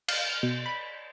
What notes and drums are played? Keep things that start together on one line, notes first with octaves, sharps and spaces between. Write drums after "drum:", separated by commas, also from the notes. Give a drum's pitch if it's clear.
F5, drum: cymbal
F6
B2
B5